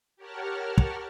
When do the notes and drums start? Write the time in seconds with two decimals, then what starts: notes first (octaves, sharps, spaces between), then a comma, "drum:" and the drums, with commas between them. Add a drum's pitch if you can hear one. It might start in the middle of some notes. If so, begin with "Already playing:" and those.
0.17 G4 A#4 C#5 F#5 A5 F6
0.78 drum: kick